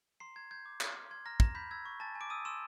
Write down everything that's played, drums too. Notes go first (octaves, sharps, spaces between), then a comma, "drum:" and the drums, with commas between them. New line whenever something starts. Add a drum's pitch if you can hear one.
A#5 C6 C7
A#5 G#6
G6 G#6
D6
C6, drum: clap
F6
C6 G#6
A#5 F6 A#6
A#5 A#6, drum: kick
B5 G6 B6
E6 G#6
C#6
G#5 A5 A6
G#5
D6 D7
D#6 E6 D#7
C6 E6 E7